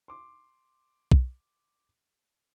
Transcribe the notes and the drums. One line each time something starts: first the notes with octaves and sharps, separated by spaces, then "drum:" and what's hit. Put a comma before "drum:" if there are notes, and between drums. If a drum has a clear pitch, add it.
C6 D6
drum: kick